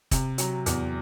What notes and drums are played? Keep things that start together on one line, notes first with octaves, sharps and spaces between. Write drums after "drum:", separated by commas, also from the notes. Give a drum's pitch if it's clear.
C3, drum: kick, hi-hat
F#3, drum: hi-hat
E2, drum: hi-hat